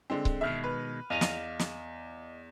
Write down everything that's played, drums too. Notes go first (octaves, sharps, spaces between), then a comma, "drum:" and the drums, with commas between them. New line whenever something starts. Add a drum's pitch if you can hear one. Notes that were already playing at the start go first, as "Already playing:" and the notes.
D3 G#3 C4
drum: kick C#1
B2 D#3 G#3 E5 F6
B4
E2 D#5 F5 D#7 F7
drum: snare
drum: snare